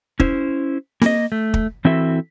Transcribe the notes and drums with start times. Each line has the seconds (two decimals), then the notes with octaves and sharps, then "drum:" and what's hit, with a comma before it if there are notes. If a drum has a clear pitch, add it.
0.20 C#4 E4 C5, drum: kick
1.02 A#3 D#5, drum: snare C4
1.32 A3
1.54 drum: kick
1.85 E3 C4 E4 F#4 A4 E5